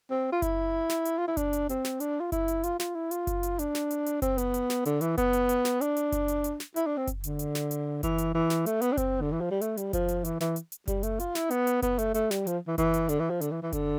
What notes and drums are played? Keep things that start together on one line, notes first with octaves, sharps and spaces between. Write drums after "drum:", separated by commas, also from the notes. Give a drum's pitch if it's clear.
C4
F4
E4, drum: kick F#1, hi-hat
drum: snare
drum: hi-hat
F4
E4
D4, drum: kick F#1, hi-hat
drum: hi-hat
C4, drum: hi-hat
drum: snare
D4, drum: hi-hat
F4
E4, drum: kick F#1, hi-hat
drum: hi-hat
F4, drum: hi-hat
F4, drum: snare
E4
F4, drum: hi-hat
drum: kick F#1, hi-hat
drum: hi-hat
D4, drum: hi-hat
drum: snare
drum: hi-hat
drum: hi-hat
C4, drum: kick F#1, hi-hat
B3, drum: hi-hat
drum: hi-hat
drum: snare
D3, drum: hi-hat
E3, drum: hi-hat
B3, drum: kick F#1, hi-hat
drum: hi-hat
drum: hi-hat
drum: snare
D4, drum: hi-hat
drum: hi-hat
drum: kick F#1, hi-hat
drum: hi-hat
drum: hi-hat
drum: snare
E4, drum: hi-hat
D4
C4
drum: kick F#1, hi-hat
D3, drum: hi-hat
drum: hi-hat
drum: snare
drum: hi-hat
E3, drum: kick F#1, hi-hat
drum: hi-hat
E3
drum: snare
A3, drum: hi-hat
B3, drum: hi-hat
D4
C4, drum: kick F#1, hi-hat
D3
E3
F3
G3
A3, drum: hi-hat
G3, drum: hi-hat
F3, drum: kick F#1, hi-hat
drum: hi-hat
E3, drum: hi-hat
E3, drum: snare
drum: hi-hat
drum: hi-hat
G3, drum: kick F#1, hi-hat
A3, drum: hi-hat
F4, drum: hi-hat
E4, drum: snare
B3, drum: hi-hat
drum: hi-hat
B3, drum: kick F#1, hi-hat
A3, drum: hi-hat
A3, drum: hi-hat
G3, drum: snare
F3, drum: hi-hat
E3
E3, drum: kick F#1, hi-hat
drum: hi-hat
D3, drum: hi-hat
E3
F3
D3, drum: hi-hat
E3
E3
D3, drum: kick F#1, hi-hat